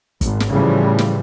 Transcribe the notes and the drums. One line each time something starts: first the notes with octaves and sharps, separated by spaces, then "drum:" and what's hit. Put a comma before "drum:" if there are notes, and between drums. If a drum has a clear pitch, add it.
G#1, drum: kick, hi-hat
drum: snare
A2 C#3 E3 F3 G3
drum: snare